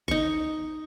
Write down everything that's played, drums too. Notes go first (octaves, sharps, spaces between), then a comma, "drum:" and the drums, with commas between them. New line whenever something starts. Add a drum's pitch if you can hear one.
D#4 C#6, drum: kick G1